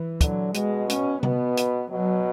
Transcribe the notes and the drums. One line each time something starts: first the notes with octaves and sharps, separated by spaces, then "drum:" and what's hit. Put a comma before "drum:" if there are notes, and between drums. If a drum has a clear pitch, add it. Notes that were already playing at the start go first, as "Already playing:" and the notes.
Already playing: E3
D3 F#3, drum: kick, hi-hat
B2 G#3, drum: hi-hat
C#4, drum: hi-hat
B2 B3, drum: tom C3
drum: hi-hat
B2 F#3